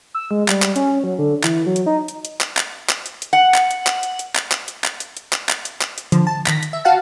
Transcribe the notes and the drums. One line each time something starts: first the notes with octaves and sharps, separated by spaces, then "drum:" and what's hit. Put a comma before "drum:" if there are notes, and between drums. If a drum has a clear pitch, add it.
E6
G#3
G3, drum: clap
drum: clap
C#4, drum: hi-hat
F#3
D3
E3, drum: clap
F#3
drum: hi-hat
D#4
drum: hi-hat
drum: hi-hat
drum: clap
drum: clap
drum: clap
drum: hi-hat
drum: hi-hat
F#5
drum: clap
drum: hi-hat
drum: clap
drum: hi-hat
drum: hi-hat
drum: clap
drum: clap
drum: hi-hat
drum: clap
drum: hi-hat
drum: hi-hat
drum: clap
drum: clap
drum: hi-hat
drum: clap
drum: hi-hat
D3 F3, drum: hi-hat
A5
D#3 A#6 B6, drum: clap
drum: hi-hat
E5
F#4 F5 F#5 A5